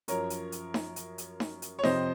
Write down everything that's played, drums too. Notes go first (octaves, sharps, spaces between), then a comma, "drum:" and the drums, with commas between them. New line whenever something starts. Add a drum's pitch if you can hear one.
F#2 F3 A#4 C#5, drum: hi-hat
drum: hi-hat
drum: hi-hat
drum: snare D#4
drum: hi-hat
drum: hi-hat
drum: snare D#4
drum: hi-hat
C#5
F2 C3 F3 C5 D#5, drum: snare D#4